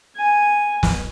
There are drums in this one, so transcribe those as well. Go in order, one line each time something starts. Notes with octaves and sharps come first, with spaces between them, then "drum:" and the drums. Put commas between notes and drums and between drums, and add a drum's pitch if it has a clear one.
G#5
drum: snare